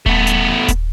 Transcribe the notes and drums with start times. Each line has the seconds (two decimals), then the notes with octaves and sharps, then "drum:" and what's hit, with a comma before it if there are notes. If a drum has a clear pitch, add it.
0.06 A3 B3, drum: kick D#1
0.27 drum: hi-hat
0.68 drum: kick D#1, hi-hat